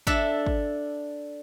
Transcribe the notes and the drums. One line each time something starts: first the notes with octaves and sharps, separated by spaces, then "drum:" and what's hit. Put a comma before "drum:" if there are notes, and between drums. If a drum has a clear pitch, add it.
D4 A4 E5, drum: kick
drum: kick